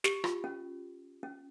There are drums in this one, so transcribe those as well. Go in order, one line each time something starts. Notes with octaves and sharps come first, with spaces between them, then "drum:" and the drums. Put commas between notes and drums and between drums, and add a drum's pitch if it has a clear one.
G4, drum: snare
F4, drum: rim click
C#4
C#4